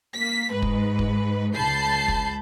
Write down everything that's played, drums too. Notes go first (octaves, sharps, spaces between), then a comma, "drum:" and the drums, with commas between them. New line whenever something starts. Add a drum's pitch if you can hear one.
A#3 B6
G#2 B4
drum: kick
drum: kick
C#2 A5 B5 G6 C7
drum: kick